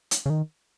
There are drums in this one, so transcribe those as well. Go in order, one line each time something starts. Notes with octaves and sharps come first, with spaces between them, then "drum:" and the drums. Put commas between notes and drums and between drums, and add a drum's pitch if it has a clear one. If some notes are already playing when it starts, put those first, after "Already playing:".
drum: hi-hat
C#3
D#3